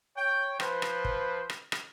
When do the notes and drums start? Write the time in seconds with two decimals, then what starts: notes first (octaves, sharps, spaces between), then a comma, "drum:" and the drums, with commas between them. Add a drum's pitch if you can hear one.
0.16 C#5 G5
0.60 F3 B4 C5, drum: rim click
0.82 drum: rim click
1.05 drum: kick
1.50 drum: rim click
1.72 drum: rim click